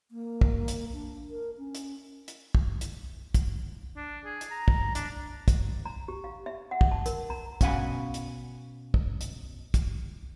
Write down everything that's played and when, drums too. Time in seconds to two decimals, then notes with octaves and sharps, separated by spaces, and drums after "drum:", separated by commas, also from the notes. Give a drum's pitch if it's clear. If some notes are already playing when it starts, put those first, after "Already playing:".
0.11 A#3
0.41 drum: kick
0.68 drum: hi-hat
0.93 D4
1.30 A#4
1.58 C#4
1.75 drum: hi-hat
2.28 drum: hi-hat
2.55 drum: kick
2.81 drum: hi-hat
3.34 drum: kick, hi-hat
3.96 D4
4.25 G#4
4.41 drum: hi-hat
4.51 A#5
4.68 drum: kick
4.95 D4, drum: hi-hat
5.48 drum: kick, hi-hat
5.85 A#5
6.08 G4
6.24 F5
6.46 E5
6.71 F#5
6.81 drum: kick
6.91 A5
7.06 A#4, drum: hi-hat
7.30 A#5
7.61 B2 C#4 F5 F#5 G#5 B5, drum: kick, hi-hat
8.14 drum: hi-hat
8.94 drum: kick
9.21 drum: hi-hat
9.74 drum: kick, hi-hat